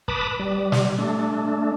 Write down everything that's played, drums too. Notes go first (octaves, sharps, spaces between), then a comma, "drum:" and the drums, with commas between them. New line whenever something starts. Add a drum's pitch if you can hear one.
B4 A5 B5 D6 D#6, drum: kick
G3
drum: snare
A3 D4